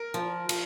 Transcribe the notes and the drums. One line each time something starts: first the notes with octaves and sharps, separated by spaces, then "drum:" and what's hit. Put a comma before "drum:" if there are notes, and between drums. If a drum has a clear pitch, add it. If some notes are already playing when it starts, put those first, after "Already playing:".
Already playing: A#4
F3
F3, drum: cymbal